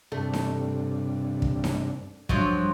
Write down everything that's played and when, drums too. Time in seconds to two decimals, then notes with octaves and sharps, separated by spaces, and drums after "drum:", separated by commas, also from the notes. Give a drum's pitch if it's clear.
0.12 G2 C3 A3 D4
0.33 drum: snare D#4
1.42 drum: kick
1.64 drum: snare D#4
2.29 G2 F3 F#3, drum: kick